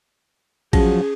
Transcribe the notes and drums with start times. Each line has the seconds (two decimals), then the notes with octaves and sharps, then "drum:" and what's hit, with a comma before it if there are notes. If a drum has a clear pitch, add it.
0.73 F3 F#3 C#4 G#4, drum: kick A1, cymbal